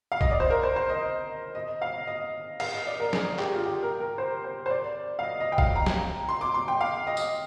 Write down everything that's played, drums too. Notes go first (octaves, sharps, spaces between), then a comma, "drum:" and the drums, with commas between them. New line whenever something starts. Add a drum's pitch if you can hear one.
F5
D#5, drum: kick
D5
C5
A#4
C5
C5
D#5
D#5
F5
D#5
F5, drum: cymbal
D#5
D5
A#4
G#4, drum: snare
G4, drum: clap
F4
G4
A#4
A#4
C5
C5
C5
D5
F5
D#5
D#5
G5
F5, drum: kick
A#5
drum: snare
C6
D6
C6
G5
F5
D#5
drum: tambourine